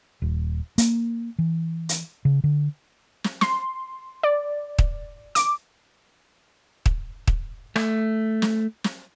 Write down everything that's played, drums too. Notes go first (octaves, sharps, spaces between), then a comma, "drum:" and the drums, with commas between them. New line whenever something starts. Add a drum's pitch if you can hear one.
D#1
A#3, drum: hi-hat
E3
drum: hi-hat
C#3
D3
drum: snare
C6, drum: snare
D5
drum: kick
D6, drum: hi-hat
drum: kick
drum: kick
A3, drum: rim click
drum: snare
drum: snare